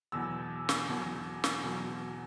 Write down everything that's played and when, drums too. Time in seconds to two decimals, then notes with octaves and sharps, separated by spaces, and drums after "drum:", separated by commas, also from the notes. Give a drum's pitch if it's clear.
0.12 E2 B2 F#3 E6
0.69 drum: snare
0.88 E2 B2 F#3
1.44 drum: snare
1.63 E2 B2 F#3